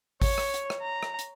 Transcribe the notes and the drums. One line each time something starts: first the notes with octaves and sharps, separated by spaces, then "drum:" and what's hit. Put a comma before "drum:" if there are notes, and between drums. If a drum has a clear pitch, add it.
C#5, drum: kick G#1, open hi-hat
drum: rim click
drum: hi-hat
drum: rim click
A#5
drum: rim click
drum: hi-hat